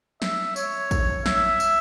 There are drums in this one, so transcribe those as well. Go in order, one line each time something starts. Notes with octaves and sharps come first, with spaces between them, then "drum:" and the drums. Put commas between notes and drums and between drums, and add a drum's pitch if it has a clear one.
E5, drum: snare
C#5, drum: tambourine
drum: kick, tambourine
E5, drum: snare
drum: tambourine